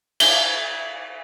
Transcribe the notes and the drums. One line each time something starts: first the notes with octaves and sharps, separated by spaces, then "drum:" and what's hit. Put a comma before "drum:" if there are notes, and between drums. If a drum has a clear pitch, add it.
G7, drum: cymbal